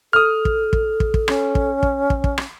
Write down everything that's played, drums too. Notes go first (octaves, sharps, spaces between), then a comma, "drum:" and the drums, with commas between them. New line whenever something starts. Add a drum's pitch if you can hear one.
A4 D#6 F6
drum: kick
drum: kick
drum: kick
drum: kick
C#4, drum: rim click
drum: kick
drum: kick
drum: kick
drum: kick
drum: rim click